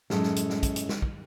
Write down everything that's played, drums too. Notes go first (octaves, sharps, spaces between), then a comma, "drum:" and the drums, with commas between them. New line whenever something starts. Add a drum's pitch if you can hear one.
F#2 A2 G#3 A4, drum: snare
drum: snare
drum: hi-hat
drum: snare
drum: kick, hi-hat
drum: hi-hat
drum: snare
drum: kick